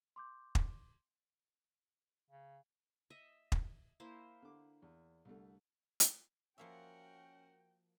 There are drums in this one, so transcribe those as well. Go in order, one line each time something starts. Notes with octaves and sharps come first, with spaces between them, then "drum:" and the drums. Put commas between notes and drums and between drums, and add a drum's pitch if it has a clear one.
C6 D6 G6
drum: kick
C#3
D#5 E5
drum: kick
A#3 E4 C5
D3 D6
E2
C2 D3 A3
drum: hi-hat
F3 A#3 C#4 F#4 A#4 E5 F#5 G5